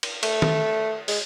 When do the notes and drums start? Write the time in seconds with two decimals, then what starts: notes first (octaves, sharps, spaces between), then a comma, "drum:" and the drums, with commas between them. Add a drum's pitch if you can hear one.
0.03 drum: cymbal
0.23 A3, drum: cymbal
0.42 drum: tom D#3
1.08 G#3, drum: open hi-hat